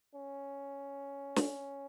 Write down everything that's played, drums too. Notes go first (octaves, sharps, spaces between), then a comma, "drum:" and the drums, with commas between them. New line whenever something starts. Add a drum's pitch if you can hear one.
C#4
drum: snare